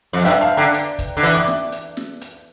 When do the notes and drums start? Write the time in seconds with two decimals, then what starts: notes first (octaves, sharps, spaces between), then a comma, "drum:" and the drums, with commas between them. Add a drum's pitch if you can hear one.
0.13 F2
0.25 G2 E5 G5, drum: hi-hat
0.41 F5 A5
0.57 D3 G5 A#5
0.74 drum: hi-hat
0.99 drum: kick, hi-hat
1.17 D3
1.23 E3, drum: hi-hat
1.35 D6
1.48 drum: snare
1.72 drum: hi-hat
1.97 drum: snare
2.21 drum: hi-hat